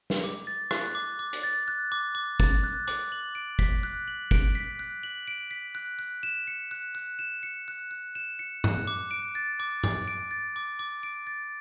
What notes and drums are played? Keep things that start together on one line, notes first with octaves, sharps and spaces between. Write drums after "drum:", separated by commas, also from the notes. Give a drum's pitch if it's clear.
drum: snare
D6
A6
F#6, drum: rim click
D6
D6
drum: hi-hat
A6
F#6
D6
D6
A6, drum: kick
F#6
D6, drum: hi-hat
F#7
D7
B6, drum: kick
F#6
F#7
D7, drum: kick
B6
F#6
F#7
D7
B6
F#6
F#6
E7
C#7
F#6
F#6
E7
C#7
F#6
F#6
E7
C#7
F#6, drum: tom G2
D6
D7
A6
D6
D6, drum: tom G2
D7
A6
D6
D6
D7
A6